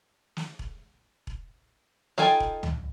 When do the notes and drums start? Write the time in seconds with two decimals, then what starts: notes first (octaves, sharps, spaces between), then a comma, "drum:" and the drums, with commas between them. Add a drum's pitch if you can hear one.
0.37 drum: snare
0.59 drum: kick E1
1.27 drum: kick E1
2.18 D#4 F4 A4 G5 G#5, drum: snare
2.40 drum: kick E1
2.63 drum: tom C#2